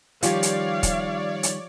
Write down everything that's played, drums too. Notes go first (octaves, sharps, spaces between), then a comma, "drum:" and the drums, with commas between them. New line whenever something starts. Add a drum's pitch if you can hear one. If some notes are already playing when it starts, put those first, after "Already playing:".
D#3 F3 G3 G4 C#5 D5 F5, drum: hi-hat
drum: hi-hat
drum: kick, hi-hat
drum: hi-hat